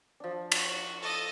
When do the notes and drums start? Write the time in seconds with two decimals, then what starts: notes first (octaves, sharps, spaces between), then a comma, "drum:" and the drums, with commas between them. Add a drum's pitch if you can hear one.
0.20 F3 D4
0.52 F#4, drum: cymbal
1.00 A4 D#5